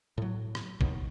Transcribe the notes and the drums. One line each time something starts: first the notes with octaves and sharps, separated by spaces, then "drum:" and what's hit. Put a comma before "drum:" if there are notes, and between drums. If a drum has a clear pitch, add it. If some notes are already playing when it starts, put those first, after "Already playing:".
A2 F#3
drum: rim click
F#1 D#2 B2 D#3, drum: kick